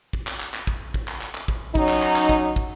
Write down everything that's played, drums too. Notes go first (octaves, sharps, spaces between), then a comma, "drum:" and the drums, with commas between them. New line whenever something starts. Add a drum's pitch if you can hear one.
drum: kick
drum: clap
drum: clap
drum: clap
drum: kick
drum: kick
drum: clap
drum: clap
drum: clap
drum: kick
F#3 C#4 D#4, drum: kick
drum: clap
drum: clap
drum: clap
drum: kick
drum: kick